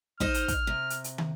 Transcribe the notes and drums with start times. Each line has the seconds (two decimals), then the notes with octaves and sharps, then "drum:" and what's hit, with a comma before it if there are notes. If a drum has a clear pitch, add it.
0.20 D#4 C5 D#5 F6, drum: kick
0.34 drum: hi-hat
0.48 drum: kick, hi-hat
0.67 C3
0.90 drum: hi-hat
1.04 drum: hi-hat
1.18 drum: tom